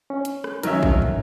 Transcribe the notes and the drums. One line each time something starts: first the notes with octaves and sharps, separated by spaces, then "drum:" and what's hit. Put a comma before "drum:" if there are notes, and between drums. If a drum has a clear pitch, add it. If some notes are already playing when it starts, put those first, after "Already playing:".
C#4
drum: hi-hat
drum: rim click
D#3 F#3 C#4 A#4 E5, drum: hi-hat
drum: kick A#1
drum: tom